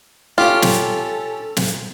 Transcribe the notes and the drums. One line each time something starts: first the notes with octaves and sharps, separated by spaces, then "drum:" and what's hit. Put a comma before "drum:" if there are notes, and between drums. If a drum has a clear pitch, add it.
C#4 F4 G4 A4
drum: snare
drum: snare